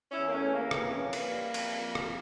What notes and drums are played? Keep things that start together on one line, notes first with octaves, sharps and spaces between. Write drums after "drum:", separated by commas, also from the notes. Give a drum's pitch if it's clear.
C#4 E4
E2
A#3
A3 C#4
E3
A#3
F2 A#3, drum: rim click
C#4
E3 A#3
drum: cymbal
G3
F2, drum: cymbal
F2
drum: rim click